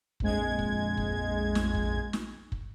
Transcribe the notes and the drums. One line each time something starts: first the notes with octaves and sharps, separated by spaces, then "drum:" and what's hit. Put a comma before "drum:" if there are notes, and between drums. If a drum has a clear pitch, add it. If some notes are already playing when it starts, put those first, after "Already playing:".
A#1 F2 G#3 G#6, drum: kick
drum: kick
drum: kick
drum: snare
drum: kick
drum: snare
drum: kick